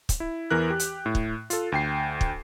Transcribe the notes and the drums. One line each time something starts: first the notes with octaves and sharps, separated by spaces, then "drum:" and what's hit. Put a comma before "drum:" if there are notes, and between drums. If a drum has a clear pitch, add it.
drum: kick, hi-hat
E4
E2 E3 A#4 F#6
G4
drum: hi-hat
A2
drum: kick
F4 A4, drum: hi-hat
D2 G5 C7
drum: kick